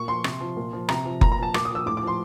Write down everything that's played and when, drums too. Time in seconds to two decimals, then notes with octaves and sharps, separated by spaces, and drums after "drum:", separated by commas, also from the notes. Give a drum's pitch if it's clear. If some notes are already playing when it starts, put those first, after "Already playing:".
Already playing: A#2 C#6
0.08 F3 C6
0.24 C3, drum: rim click
0.41 F3
0.57 A#2
0.73 F3
0.89 C3 A#5, drum: rim click
1.05 F3
1.21 A#2 A#5, drum: kick F#1
1.32 A#5
1.38 F3 A5
1.54 A#2 D6, drum: rim click
1.65 D#6
1.70 F3
1.75 E6
1.86 A2 D6
1.97 D6
2.03 F3 C6